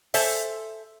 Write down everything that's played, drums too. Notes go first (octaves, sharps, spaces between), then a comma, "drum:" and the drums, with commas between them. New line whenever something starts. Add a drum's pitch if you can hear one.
A4 C5 E5 G#5, drum: open hi-hat